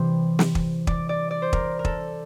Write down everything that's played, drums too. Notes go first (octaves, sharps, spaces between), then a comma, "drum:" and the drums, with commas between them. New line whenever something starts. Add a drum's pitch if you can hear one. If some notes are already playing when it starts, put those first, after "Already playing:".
Already playing: C3 E3 G3 C5
drum: snare
drum: kick
D5, drum: kick
D5
D5
C5
A#4, drum: kick
A#4
A4, drum: kick